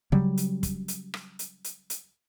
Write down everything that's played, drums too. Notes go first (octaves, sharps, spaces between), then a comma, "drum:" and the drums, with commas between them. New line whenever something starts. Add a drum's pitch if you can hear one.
C#3 F#3 G3, drum: kick
drum: hi-hat
drum: kick, hi-hat
drum: hi-hat
drum: rim click
drum: hi-hat
drum: hi-hat
drum: hi-hat